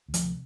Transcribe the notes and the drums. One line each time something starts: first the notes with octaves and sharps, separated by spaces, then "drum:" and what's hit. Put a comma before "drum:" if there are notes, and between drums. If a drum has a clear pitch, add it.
D2
F3, drum: hi-hat
C3